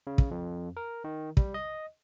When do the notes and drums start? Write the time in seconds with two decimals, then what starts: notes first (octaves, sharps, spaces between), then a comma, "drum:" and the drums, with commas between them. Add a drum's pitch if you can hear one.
0.07 C#3
0.18 drum: kick
0.31 F2
0.77 A#4
1.04 D#3
1.37 G3, drum: kick
1.54 D#5